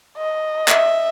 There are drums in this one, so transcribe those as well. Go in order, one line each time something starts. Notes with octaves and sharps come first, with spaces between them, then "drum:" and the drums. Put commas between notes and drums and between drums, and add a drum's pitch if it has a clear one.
D#5
E5, drum: clap